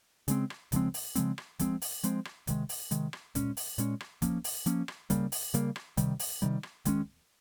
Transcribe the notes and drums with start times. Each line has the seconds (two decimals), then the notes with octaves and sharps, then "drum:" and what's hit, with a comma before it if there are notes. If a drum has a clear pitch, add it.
0.28 C#3 G#3 C4, drum: hi-hat
0.50 drum: rim click
0.72 C#3 F3 G#3 C4, drum: kick, hi-hat
0.94 drum: open hi-hat
1.15 C#3 F3 G#3 C4, drum: hi-hat
1.38 drum: rim click
1.59 F3 G#3 C4, drum: kick, hi-hat
1.82 drum: open hi-hat
2.03 F3 G#3 C4, drum: hi-hat
2.25 drum: rim click
2.47 C3 D#3 G#3, drum: kick, hi-hat
2.69 drum: open hi-hat
2.91 C3 D#3 G#3, drum: hi-hat
3.13 drum: rim click
3.35 A#2 G#3 C#4, drum: kick, hi-hat
3.57 drum: open hi-hat
3.78 A#2 G#3 C#4, drum: hi-hat
4.00 drum: rim click
4.22 F3 A#3 C#4, drum: kick, hi-hat
4.44 drum: open hi-hat
4.66 F3 A#3 C#4, drum: hi-hat
4.88 drum: rim click
5.10 C#3 G3 A#3, drum: kick, hi-hat
5.32 drum: open hi-hat
5.54 C#3 G3 A#3, drum: hi-hat
5.76 drum: rim click
5.97 C3 D#3 G3, drum: kick, hi-hat
6.19 drum: open hi-hat
6.42 C3 D#3 G3
6.63 drum: rim click
6.85 D#3 G#3 C#4, drum: kick, hi-hat